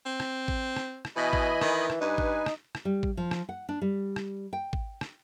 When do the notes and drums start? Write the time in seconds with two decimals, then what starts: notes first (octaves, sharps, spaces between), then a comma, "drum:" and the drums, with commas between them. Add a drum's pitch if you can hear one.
0.06 C4
0.20 drum: rim click
0.48 drum: kick G#1
0.76 drum: rim click
1.05 drum: rim click
1.16 B2 E3 D#5 G#5 B5
1.33 drum: kick G#1
1.61 D#3, drum: rim click
1.90 drum: rim click
2.01 G2 D#4 B4 G#5
2.18 drum: kick G#1
2.46 drum: rim click
2.75 drum: rim click
2.85 G3
3.03 drum: kick G#1
3.17 F3
3.31 drum: rim click
3.49 F#5
3.69 D4
3.82 G3
4.16 drum: rim click
4.53 G5
4.73 drum: kick G#1
5.01 drum: rim click